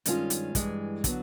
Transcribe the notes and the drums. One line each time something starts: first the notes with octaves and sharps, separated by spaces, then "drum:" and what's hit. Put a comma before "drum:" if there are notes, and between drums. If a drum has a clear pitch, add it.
G2 D#3 G#3 C#4 F4, drum: hi-hat
drum: hi-hat
G2 E3 G#3, drum: kick, hi-hat
D3 F#3 B3, drum: kick, hi-hat